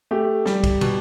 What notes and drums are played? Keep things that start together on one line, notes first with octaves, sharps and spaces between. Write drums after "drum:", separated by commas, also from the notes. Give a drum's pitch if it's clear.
A3 G4
G3, drum: snare
drum: kick B1, cymbal
B2, drum: cymbal